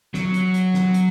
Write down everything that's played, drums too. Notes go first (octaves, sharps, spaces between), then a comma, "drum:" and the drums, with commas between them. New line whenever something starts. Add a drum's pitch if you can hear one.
F#3, drum: snare
drum: hi-hat
drum: hi-hat
drum: snare
drum: hi-hat